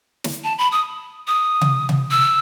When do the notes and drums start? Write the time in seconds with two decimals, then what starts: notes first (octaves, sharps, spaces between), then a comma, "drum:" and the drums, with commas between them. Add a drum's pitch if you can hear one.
0.24 drum: snare
0.44 A5
0.58 B5
0.72 D#6
1.27 D#6
1.61 drum: tom C3
1.89 drum: tom C3
2.11 E6